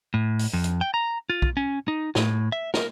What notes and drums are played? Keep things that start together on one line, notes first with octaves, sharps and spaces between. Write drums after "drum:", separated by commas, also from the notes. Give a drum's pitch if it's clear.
A2
drum: open hi-hat
F2
drum: hi-hat
G5
A#5
F4
drum: kick
C#4
D#4
A2, drum: snare
E5
A#4, drum: snare